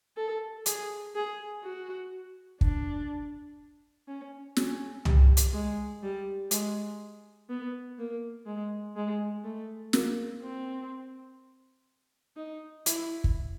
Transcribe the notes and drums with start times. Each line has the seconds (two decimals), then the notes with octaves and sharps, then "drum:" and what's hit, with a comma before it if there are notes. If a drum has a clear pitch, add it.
0.17 A4
0.66 G#4, drum: hi-hat
1.15 G#4
1.63 F#4
2.61 D4, drum: kick
4.08 C#4
4.57 C#4, drum: snare
5.05 G3, drum: tom
5.37 drum: hi-hat
5.53 G#3
6.03 G3
6.51 G#3, drum: hi-hat
7.49 B3
7.98 A#3
8.46 G#3
8.96 G#3
9.44 A3
9.93 A#3, drum: snare
10.42 C4
12.37 D#4
12.86 E4, drum: hi-hat
13.24 drum: kick